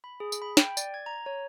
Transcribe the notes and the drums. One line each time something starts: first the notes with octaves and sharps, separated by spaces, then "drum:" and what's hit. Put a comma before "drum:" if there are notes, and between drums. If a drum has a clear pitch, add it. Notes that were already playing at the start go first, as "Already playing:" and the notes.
B5
G#4
drum: tambourine
B5
G5, drum: snare
D5, drum: tambourine
G#6
A#5
C#5